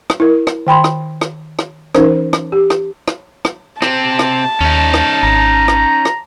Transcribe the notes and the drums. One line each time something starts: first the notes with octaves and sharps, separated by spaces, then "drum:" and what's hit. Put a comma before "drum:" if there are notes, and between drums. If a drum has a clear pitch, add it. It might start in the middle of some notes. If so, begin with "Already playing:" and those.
drum: rim click
E4 A#4
drum: rim click
D#3 G5 B5 C6
drum: rim click
drum: rim click
drum: rim click
E3 C#4 D#4 A#4 C5, drum: rim click
drum: rim click
G4
drum: rim click
drum: rim click
drum: rim click
C3 C4 A5, drum: rim click
drum: rim click
D#2 C#4 D#4
drum: rim click
G#1 A#5
drum: rim click
drum: rim click